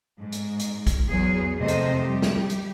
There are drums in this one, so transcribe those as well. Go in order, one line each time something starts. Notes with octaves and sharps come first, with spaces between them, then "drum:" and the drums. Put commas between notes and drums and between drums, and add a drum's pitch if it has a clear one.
G#2
drum: hi-hat
drum: hi-hat
drum: kick, hi-hat
E2 F#3 B3 G#4
F2 C3 D#3 A3 C5 D#5
drum: hi-hat
G3 G4
drum: snare
drum: hi-hat